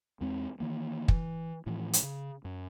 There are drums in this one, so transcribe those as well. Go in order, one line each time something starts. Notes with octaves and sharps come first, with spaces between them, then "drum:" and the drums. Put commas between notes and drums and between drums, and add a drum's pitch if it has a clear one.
E2 G#3 C4
D#3 E3 A#3
E3, drum: kick
A2 E3 F3
drum: hi-hat
C#3
F#2